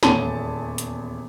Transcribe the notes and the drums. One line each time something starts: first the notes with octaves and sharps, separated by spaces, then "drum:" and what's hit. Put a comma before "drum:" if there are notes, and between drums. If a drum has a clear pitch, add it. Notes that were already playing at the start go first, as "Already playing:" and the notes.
D#1 E2 C#5 A5 C6 D#7, drum: snare
drum: hi-hat